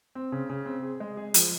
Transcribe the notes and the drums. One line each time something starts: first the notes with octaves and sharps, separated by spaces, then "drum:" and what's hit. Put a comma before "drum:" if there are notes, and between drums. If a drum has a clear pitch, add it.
C4
C#3
C#3
C4
G#4
G#3
G#4
F3, drum: hi-hat